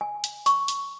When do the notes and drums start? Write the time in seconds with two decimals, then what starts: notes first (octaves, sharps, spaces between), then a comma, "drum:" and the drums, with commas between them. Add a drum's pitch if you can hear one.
0.01 G#5
0.24 drum: hi-hat
0.46 C#6, drum: hi-hat
0.68 drum: hi-hat